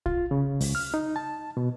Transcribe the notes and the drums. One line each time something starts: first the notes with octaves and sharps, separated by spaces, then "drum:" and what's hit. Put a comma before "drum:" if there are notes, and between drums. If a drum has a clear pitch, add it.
F4, drum: kick B1
C#3
C#2, drum: open hi-hat
F6
D#4
A5
B2